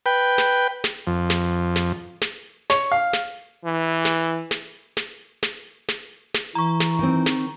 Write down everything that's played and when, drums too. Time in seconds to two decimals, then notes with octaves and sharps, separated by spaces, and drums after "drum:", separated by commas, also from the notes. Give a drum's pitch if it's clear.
0.06 B4 G5
0.38 drum: snare
0.84 drum: snare
1.07 F2
1.30 drum: snare
1.76 drum: snare
2.22 drum: snare
2.70 C#5, drum: snare
2.92 F5
3.13 drum: snare
3.64 E3
4.05 drum: snare
4.51 drum: snare
4.97 drum: snare
5.43 drum: snare
5.88 drum: snare
6.34 drum: snare
6.55 E3 A#5 C#6
6.80 drum: snare
6.99 D#3 C4
7.26 drum: snare